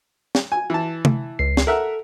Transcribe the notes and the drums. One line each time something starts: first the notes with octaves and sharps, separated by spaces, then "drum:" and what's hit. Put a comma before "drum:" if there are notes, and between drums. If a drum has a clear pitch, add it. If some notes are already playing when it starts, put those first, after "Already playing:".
drum: snare
G#5
E3 A5
drum: tom C3
C#2 C7
drum: snare
A4 A#4 E5 F#5